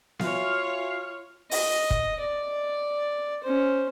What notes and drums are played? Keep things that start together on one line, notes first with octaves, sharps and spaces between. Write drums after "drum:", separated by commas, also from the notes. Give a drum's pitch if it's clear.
F4 F#4 C#5 E5 F5 G#5, drum: snare B3
D#5, drum: open hi-hat
drum: kick
D5
C#4 C5